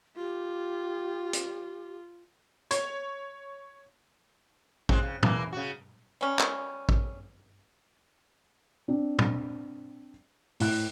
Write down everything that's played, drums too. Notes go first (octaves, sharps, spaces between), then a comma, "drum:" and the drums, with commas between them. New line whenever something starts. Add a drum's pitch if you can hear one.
F4 G4
drum: hi-hat
C#5, drum: hi-hat
G#3 C4 C#4, drum: kick
C#3
E3 A#3, drum: tom
C#3 F#4
G3 C#4
drum: clap
drum: kick
C4 D4
drum: tom
A2 F#6, drum: open hi-hat